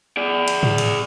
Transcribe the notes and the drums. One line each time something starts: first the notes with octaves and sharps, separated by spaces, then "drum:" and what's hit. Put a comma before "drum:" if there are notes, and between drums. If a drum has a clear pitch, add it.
G#4 D5
drum: cymbal
drum: tom G#2
drum: cymbal